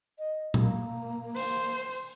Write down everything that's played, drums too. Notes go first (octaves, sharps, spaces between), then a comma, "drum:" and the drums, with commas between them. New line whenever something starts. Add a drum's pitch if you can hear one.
D#5
A#3, drum: tom A#2
C5, drum: open hi-hat